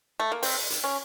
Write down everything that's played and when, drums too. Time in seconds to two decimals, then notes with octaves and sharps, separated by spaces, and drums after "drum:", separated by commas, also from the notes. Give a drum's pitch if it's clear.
0.20 A3
0.32 A#3
0.43 C4, drum: open hi-hat
0.70 drum: hi-hat
0.84 C#4